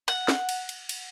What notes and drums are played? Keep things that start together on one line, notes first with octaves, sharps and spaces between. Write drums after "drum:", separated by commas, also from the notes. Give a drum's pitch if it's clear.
F#5, drum: cymbal
drum: snare
drum: cymbal
drum: cymbal
drum: cymbal